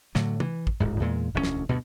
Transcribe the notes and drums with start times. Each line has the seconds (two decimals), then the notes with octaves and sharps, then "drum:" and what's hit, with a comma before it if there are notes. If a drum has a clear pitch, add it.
0.15 A2 D3 F#3, drum: snare
0.40 E3, drum: tom
0.67 drum: kick
0.80 D1 G1 G#2
1.00 E2 A#2 G#3
1.34 E1 D2 A#2 C#4
1.44 drum: snare
1.69 D2 G2 B2